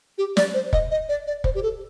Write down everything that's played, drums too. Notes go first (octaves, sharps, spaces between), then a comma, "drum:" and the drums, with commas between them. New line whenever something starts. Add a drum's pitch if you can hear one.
G4
D5, drum: snare
C5
D#5, drum: kick
D#5
D5
D5
C5, drum: kick
G4
A4